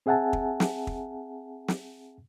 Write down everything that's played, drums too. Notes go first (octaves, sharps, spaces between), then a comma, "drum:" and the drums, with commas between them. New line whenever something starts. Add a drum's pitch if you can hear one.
C4 G#4 E5 F#5 G#5 A5
drum: kick
drum: snare
drum: kick
drum: snare